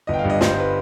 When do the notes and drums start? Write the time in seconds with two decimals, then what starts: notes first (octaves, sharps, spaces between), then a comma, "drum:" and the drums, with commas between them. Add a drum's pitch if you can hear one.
0.07 G1 D#5
0.14 G5
0.19 F5
0.24 G2
0.30 D#5
0.41 G2 C5, drum: snare
0.53 C5
0.59 B4